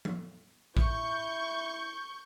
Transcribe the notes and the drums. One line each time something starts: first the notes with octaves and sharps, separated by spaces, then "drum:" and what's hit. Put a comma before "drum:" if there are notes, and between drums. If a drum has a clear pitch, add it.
drum: tom F3
E4 C#6 G6, drum: kick A1